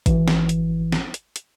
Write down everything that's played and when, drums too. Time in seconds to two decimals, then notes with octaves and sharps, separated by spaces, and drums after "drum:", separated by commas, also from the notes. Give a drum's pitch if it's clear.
0.06 G#1 E3, drum: kick, hi-hat
0.28 drum: snare
0.49 drum: hi-hat
0.92 drum: snare
1.14 drum: hi-hat
1.36 drum: hi-hat